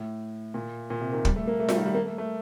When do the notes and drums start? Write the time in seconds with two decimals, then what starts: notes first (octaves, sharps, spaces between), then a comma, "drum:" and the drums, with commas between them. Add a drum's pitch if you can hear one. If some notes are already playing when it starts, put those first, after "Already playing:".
Already playing: A2
0.54 A#2
0.90 A#2
1.01 C3
1.13 D#3
1.25 G3, drum: kick
1.36 A3
1.47 A#3
1.60 A3
1.69 G3, drum: snare F4
1.77 D#3
1.85 G3
1.94 A#3
2.06 A3
2.18 A3